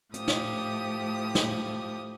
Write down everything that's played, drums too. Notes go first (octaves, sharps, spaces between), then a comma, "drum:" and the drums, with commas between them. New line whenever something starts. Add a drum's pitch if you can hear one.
A2 F3 G4 D#6, drum: hi-hat
drum: snare
drum: snare